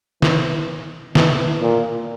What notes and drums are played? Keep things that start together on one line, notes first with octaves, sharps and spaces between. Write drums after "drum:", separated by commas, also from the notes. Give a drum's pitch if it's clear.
E3, drum: snare
E3, drum: snare
A#2